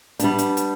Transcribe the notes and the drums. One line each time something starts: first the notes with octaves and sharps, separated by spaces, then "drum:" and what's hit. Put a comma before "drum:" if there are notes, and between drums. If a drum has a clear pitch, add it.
G3 B3 D4, drum: hi-hat
drum: hi-hat
drum: hi-hat